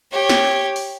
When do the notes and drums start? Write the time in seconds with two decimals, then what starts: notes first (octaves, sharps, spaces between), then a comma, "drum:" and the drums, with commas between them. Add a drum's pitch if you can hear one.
0.12 G4 C#5
0.29 drum: snare
0.76 drum: open hi-hat